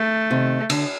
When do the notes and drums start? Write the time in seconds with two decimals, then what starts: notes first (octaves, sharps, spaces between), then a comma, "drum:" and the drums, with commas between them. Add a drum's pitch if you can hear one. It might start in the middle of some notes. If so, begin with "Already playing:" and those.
Already playing: A3
0.30 C3 D#3
0.70 D3, drum: cymbal